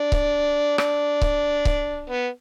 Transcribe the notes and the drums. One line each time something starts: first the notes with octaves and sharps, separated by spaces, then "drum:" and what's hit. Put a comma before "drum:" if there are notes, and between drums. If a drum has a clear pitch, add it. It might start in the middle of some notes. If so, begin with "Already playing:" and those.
Already playing: D4
drum: kick C#1
D4, drum: rim click
drum: kick C#1
drum: kick C#1
B3